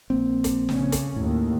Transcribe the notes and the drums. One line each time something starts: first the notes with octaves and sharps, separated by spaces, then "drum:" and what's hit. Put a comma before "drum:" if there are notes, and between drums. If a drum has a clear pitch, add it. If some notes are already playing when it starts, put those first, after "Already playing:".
A#1 A#3 C4
drum: kick, hi-hat
C#3 C#4, drum: snare
drum: kick, hi-hat
D#2 A2